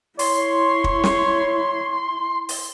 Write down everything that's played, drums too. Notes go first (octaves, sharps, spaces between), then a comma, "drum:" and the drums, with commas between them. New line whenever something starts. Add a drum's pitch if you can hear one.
E4 C#5 C6, drum: open hi-hat
drum: kick
drum: snare
drum: open hi-hat